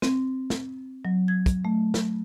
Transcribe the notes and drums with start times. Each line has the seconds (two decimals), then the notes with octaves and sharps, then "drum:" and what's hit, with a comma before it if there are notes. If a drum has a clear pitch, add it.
0.02 C4, drum: snare
0.50 drum: snare
1.05 F#3
1.28 G#6
1.46 drum: kick, hi-hat
1.65 A3
1.94 drum: snare